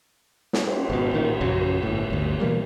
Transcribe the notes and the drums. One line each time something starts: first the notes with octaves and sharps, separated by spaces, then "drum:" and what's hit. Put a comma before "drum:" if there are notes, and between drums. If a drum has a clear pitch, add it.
drum: snare
drum: cymbal
G#1 B2
A1 A#2 D#3
A#1 F#2 C#3 F#3
G1 A2
G1 D2
B2 E3 G3 A#3